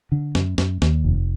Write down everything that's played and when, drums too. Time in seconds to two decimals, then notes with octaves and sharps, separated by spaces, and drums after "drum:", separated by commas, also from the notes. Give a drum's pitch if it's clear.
0.12 D3
0.35 F#2, drum: snare
0.58 F#2, drum: snare
0.82 D#2, drum: snare
1.04 F1